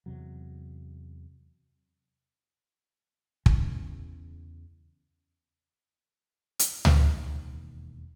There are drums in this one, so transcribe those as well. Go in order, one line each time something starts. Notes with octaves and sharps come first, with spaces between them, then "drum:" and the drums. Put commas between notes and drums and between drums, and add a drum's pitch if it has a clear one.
E2 C3 F#3
E2 C#3 E3, drum: kick
drum: hi-hat
E1 D#2 D#3, drum: tom C#2